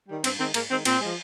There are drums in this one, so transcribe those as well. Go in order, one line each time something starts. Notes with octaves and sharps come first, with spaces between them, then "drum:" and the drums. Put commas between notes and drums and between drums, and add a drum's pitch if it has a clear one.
D#3 G3
G2 C4, drum: cymbal
D#3 G#3 C4
G#2 A#3, drum: cymbal
D#3 G#3 C4
A#2 C4, drum: cymbal
F3 G#3